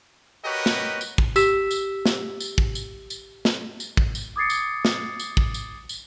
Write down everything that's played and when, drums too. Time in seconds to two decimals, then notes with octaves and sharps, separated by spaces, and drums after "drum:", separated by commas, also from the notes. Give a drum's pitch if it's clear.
0.45 F#4 G4 A#4 B4 C#5 D#5
0.66 drum: snare
1.01 drum: tambourine
1.18 drum: kick
1.36 G4 E6 B6 E7, drum: tambourine
1.71 drum: tambourine
2.06 drum: snare
2.40 drum: tambourine
2.58 drum: kick
2.75 drum: tambourine
3.10 drum: tambourine
3.45 drum: snare
3.80 drum: tambourine
3.97 drum: kick
4.15 drum: tambourine
4.36 D6 D#6 G#6 A6 C7 C#7
4.50 drum: tambourine
4.85 drum: snare
5.20 drum: tambourine
5.37 drum: kick
5.54 drum: tambourine
5.89 drum: tambourine